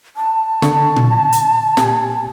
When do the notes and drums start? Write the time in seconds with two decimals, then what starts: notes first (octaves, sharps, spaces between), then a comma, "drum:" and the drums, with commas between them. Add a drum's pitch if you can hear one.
0.16 A5
0.62 D3 C#6, drum: snare
0.96 drum: tom A#2
1.32 drum: hi-hat
1.77 A#2 G4 G#5, drum: snare